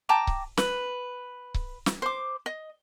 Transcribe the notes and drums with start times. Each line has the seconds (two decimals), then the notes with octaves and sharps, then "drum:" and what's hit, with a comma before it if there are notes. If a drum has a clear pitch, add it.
0.09 G5 A5 A#5 D6
0.27 drum: kick C#1
0.57 B4, drum: snare
1.54 drum: kick C#1
1.86 drum: snare
2.02 C5 D6
2.46 D#5